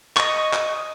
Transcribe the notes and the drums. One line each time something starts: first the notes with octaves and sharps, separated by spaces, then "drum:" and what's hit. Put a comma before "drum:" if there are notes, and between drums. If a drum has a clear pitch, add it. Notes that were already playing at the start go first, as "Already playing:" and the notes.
D#5 C#6, drum: clap
drum: clap